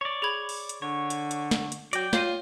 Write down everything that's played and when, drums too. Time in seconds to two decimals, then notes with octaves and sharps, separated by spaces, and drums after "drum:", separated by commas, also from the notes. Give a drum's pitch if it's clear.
0.01 C#5 D5
0.22 G#4 B5 G#6
0.49 drum: open hi-hat
0.69 drum: hi-hat
0.82 D3 C#5
1.10 drum: hi-hat
1.31 drum: hi-hat
1.51 drum: snare
1.72 drum: hi-hat
1.93 F#3 D5 G5 A#6, drum: hi-hat
2.13 F4 C#5 C7 D#7, drum: snare